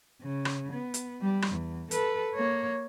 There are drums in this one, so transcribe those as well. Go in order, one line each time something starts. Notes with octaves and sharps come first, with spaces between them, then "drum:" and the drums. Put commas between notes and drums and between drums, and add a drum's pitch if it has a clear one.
C#3
drum: rim click
B3
drum: hi-hat
G3
drum: rim click
E2
A4 B4, drum: hi-hat
A#3 C#5